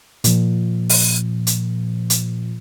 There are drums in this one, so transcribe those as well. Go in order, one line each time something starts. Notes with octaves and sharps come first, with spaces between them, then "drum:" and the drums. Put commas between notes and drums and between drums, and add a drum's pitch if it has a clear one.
A#2 F3, drum: hi-hat
drum: open hi-hat
drum: hi-hat
drum: hi-hat